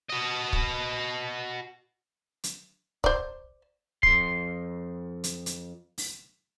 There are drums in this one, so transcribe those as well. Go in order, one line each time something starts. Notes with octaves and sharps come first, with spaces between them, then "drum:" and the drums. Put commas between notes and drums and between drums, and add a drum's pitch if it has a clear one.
F#4 D#5
drum: kick
drum: hi-hat
C5 D5, drum: kick
F2 C6, drum: kick
drum: hi-hat
drum: hi-hat
drum: open hi-hat